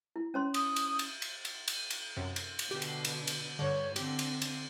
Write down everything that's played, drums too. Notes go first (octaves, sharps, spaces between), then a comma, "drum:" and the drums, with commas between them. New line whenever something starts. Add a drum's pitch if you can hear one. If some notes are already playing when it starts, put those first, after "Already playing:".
E4
C#4 C#5 C6
D#6, drum: cymbal
drum: cymbal
drum: cymbal
drum: cymbal
drum: cymbal
drum: cymbal
drum: cymbal
F#2 C3
drum: cymbal
drum: cymbal
B2 D3 G4
drum: cymbal
drum: cymbal
drum: cymbal
G2 D3 C#5
D3 C4 G4, drum: cymbal
drum: cymbal
drum: cymbal